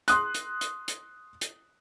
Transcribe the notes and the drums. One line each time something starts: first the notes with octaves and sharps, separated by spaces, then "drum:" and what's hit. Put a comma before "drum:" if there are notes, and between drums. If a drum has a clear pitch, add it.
C6 D#6 F#6, drum: hi-hat
drum: hi-hat
drum: hi-hat
drum: hi-hat
drum: hi-hat